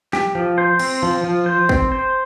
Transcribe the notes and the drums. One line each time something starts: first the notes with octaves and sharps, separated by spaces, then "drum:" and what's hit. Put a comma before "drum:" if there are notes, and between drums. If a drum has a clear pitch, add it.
G4, drum: snare
F3
C5
C4, drum: cymbal
F3
F3
C5
C4, drum: kick
C5